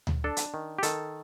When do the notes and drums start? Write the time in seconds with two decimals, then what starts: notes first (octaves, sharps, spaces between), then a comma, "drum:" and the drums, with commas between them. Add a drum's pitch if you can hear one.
0.07 drum: tom D2
0.24 D4 A4
0.37 drum: hi-hat
0.54 D#3
0.79 G4
0.83 D#3 A4, drum: hi-hat